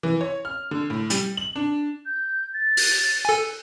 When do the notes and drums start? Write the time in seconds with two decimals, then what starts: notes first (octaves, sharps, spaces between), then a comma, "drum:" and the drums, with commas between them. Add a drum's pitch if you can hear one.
0.03 E3
0.21 C#5
0.45 F6
0.71 D3
0.90 A2
1.10 G3, drum: hi-hat
1.37 F#7
1.56 D4
2.06 G6
2.53 A6
2.77 drum: open hi-hat
3.25 A4 G#5